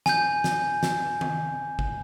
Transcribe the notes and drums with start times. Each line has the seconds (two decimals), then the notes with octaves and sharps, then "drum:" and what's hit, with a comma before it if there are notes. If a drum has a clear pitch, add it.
0.06 G#5 G6, drum: snare
0.44 drum: snare
0.83 drum: snare
1.21 drum: tom D#3
1.79 drum: kick G#1